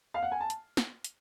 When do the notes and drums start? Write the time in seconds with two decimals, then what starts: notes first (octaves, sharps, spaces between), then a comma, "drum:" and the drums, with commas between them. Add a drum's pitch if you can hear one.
0.14 F5
0.23 F#5
0.32 G#5
0.40 A5
0.50 drum: hi-hat
0.77 drum: snare
1.04 drum: hi-hat